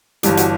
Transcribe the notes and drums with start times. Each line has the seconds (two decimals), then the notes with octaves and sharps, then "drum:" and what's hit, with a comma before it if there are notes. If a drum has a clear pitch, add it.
0.23 G1 G2 E3 G4, drum: hi-hat
0.37 F#4, drum: hi-hat